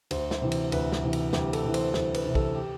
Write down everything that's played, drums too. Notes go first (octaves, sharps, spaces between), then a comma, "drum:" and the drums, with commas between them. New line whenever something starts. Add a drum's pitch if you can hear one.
D2 C5, drum: cymbal
drum: snare
C3 E3
drum: cymbal
D2 B4, drum: cymbal
drum: snare
C3 E3
drum: cymbal
D2 G4, drum: snare
A4, drum: cymbal
C3 E3
C5, drum: cymbal
D2 C5, drum: snare
B4, drum: cymbal
C3 E3
A4, drum: kick
G4